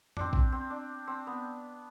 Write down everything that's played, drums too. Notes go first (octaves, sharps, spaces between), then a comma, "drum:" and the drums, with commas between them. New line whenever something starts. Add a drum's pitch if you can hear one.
C4 D4, drum: tom F2
C4, drum: kick A#1
C4
D4
C4
B3